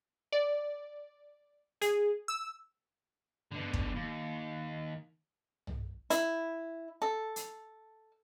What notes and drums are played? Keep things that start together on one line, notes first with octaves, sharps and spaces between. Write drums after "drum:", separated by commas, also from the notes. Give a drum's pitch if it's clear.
D5
G#4, drum: hi-hat
E6
B2 D3
drum: kick
D#2
drum: tom B1
E4, drum: hi-hat
A4
drum: hi-hat